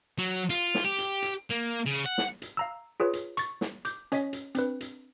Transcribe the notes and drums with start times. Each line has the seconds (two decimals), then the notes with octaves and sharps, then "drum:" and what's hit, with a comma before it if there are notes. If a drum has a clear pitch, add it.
0.18 F#3
0.50 F4, drum: hi-hat
0.75 drum: snare
0.85 G4
0.98 drum: hi-hat
1.22 drum: hi-hat
1.50 A#3
1.86 C#3
2.05 F#5
2.18 drum: snare
2.42 drum: hi-hat
2.57 F5 A#5 E6
3.00 F4 G#4 B4 C#5
3.13 drum: hi-hat
3.37 C#6 A6, drum: hi-hat
3.61 drum: snare
3.85 D6 G6, drum: hi-hat
4.12 C#4 C#5 D#5 G#5 B6, drum: hi-hat
4.33 drum: hi-hat
4.55 C4 D4 B4, drum: hi-hat
4.81 drum: hi-hat